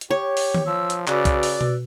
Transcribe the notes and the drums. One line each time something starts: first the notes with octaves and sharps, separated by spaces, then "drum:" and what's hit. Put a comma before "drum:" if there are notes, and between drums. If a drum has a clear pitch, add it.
drum: hi-hat
G4 C#5
drum: open hi-hat
drum: tom D#3
F3 E6
drum: hi-hat
C#3 F#4 B4 D5 E6, drum: clap
drum: kick B1, hi-hat
drum: open hi-hat
drum: tom B2